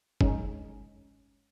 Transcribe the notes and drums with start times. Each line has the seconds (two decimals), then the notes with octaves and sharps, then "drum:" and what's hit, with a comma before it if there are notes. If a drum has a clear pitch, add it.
0.21 G#3 C#4 D#4, drum: kick